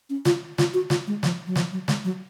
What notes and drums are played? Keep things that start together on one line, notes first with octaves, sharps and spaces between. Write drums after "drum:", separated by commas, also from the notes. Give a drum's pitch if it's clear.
C#4
F4, drum: snare
F4, drum: snare
F#4
F4, drum: snare
G#3
F3, drum: snare
F#3
F3, drum: snare
F#3
G#3, drum: snare
F#3